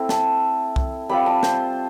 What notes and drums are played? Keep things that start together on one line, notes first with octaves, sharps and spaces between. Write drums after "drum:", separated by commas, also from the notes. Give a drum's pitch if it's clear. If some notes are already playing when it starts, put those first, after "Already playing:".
Already playing: A3 C4 E4
A5, drum: snare
drum: kick C2
G3 C4 F4 B5
A5
C5, drum: snare